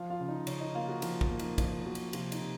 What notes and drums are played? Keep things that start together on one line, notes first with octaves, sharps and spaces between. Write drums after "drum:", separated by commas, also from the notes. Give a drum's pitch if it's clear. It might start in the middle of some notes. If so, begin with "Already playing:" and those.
Already playing: F3 F4 F5
F4 F5
C#3
D#4 D#5
C#3 C#4 C#5, drum: cymbal
D#4 D#5
A#3 F4 F5
F#3 F#4
F3 F4, drum: cymbal
drum: kick
A#3
D#4, drum: cymbal
F3 F4, drum: kick, cymbal
F#3 A#3 F#4
drum: cymbal
C3 F3 F4, drum: cymbal
D#4, drum: cymbal
C3